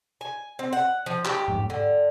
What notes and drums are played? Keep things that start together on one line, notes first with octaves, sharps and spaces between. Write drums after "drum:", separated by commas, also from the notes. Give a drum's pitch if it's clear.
G#5
C4
F#5
F3
G4, drum: clap
drum: tom G#2
D3